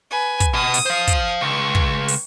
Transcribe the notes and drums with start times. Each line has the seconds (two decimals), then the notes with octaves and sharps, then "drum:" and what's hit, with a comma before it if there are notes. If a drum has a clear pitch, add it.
0.11 B4 G#5
0.40 drum: kick, hi-hat
0.54 B2 D#6
0.74 drum: open hi-hat
0.86 C5 F5
1.07 drum: kick, hi-hat
1.41 C#2 C#6
1.75 drum: kick
2.08 drum: open hi-hat